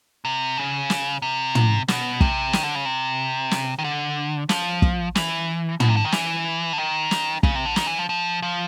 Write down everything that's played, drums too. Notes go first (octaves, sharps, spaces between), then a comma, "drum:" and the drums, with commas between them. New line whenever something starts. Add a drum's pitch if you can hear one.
C3
C#3
drum: snare
C3
drum: tom
B2, drum: snare
C3, drum: kick
D#3, drum: snare
D3
C#3
C3
drum: snare
D#3
D3
F3, drum: snare
drum: kick
E3, drum: snare
B2, drum: tom
C3
D3
D#3
E3, drum: snare
D3
D#3
drum: snare
C#3, drum: kick
C3
D3
D#3, drum: snare
E3
F3
F3
F3